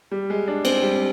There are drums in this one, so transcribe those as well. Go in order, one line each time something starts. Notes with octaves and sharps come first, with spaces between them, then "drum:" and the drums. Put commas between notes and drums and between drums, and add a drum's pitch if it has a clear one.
G3
G#3
D4
C4, drum: cymbal
G3